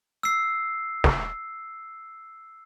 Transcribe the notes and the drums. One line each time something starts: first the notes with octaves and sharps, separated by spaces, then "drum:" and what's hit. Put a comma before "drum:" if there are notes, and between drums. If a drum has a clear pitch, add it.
E6 C7
drum: snare